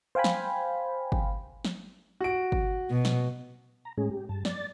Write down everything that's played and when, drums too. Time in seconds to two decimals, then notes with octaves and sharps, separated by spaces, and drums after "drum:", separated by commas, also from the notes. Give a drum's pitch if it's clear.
0.15 C5 F5 G5 G#5 B5
0.24 drum: snare
1.12 drum: kick G1
1.65 drum: snare
2.21 F#4 D7
2.52 drum: kick G1
2.90 B2
3.05 drum: snare
3.85 A#5
3.98 A2 G#3 C#4 G#4
4.11 G4
4.29 G2 A5
4.45 D5 A6, drum: snare